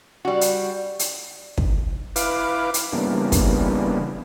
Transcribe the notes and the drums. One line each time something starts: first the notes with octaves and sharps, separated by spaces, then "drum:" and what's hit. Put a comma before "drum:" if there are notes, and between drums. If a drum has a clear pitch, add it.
G3 F#4
drum: hi-hat
drum: hi-hat
drum: kick
E4 B4 F5 D6, drum: hi-hat
drum: hi-hat
C#3 E3 G3 A#3 B3 D4
drum: kick, hi-hat